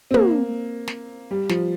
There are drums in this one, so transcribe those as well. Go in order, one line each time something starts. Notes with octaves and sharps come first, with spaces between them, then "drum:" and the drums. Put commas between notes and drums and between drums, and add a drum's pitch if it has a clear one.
C4
A#3, drum: tom
drum: snare
G3
F3, drum: snare